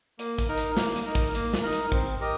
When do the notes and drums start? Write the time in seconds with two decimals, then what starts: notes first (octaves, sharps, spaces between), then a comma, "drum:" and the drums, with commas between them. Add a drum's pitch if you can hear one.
0.19 A#3, drum: hi-hat
0.38 drum: kick, hi-hat
0.49 D#4 A#4
0.58 drum: hi-hat
0.77 A#3, drum: snare
0.96 drum: hi-hat
1.05 D#4 A#4
1.15 drum: kick, hi-hat
1.35 A#3, drum: hi-hat
1.54 drum: snare
1.63 D#4 A#4
1.73 drum: hi-hat
1.92 C4, drum: kick
2.21 G4 A#4 D#5